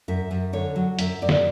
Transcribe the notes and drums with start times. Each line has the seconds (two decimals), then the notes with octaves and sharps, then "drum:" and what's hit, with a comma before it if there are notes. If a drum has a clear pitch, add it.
0.08 F#2 E5
0.31 F#2
0.53 D3 C#5
0.76 F#3
0.99 F#2 E5, drum: hi-hat
1.22 F#2 D5
1.29 E5, drum: snare